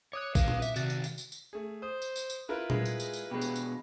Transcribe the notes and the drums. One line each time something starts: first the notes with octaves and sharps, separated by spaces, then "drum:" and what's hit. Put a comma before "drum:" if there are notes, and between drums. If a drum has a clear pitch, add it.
C#5 D6 D#6 F#6
B4 F5, drum: kick A#1, tambourine
drum: tom A#2
E5, drum: tambourine
C3 D#3 F#4 F#6 A6, drum: tambourine
drum: tambourine
drum: tambourine
drum: tambourine
drum: tambourine
A3 G#4
C5 D#6
drum: tambourine
drum: tambourine
drum: tambourine
E4 F4 A#4 B4
G#3, drum: tom A#2
drum: tambourine
drum: tambourine
drum: tambourine
B2 G#3 G4
drum: tambourine
drum: tambourine